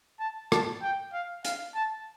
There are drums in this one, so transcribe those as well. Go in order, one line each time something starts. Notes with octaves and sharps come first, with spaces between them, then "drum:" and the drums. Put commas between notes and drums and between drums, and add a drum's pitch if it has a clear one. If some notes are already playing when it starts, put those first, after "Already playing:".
A5
A5, drum: rim click
G5
F5
F5, drum: hi-hat
A5